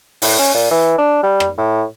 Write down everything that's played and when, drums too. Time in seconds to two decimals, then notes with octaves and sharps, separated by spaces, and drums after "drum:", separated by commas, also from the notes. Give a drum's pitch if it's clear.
0.22 A2, drum: open hi-hat
0.39 C#4
0.54 A#2
0.71 E3
0.98 D4
1.23 G3
1.40 drum: rim click
1.58 A2